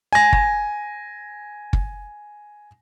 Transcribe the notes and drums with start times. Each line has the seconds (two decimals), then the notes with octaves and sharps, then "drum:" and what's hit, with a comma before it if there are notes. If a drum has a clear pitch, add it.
0.13 G#5 A#6
0.33 drum: kick
1.73 drum: kick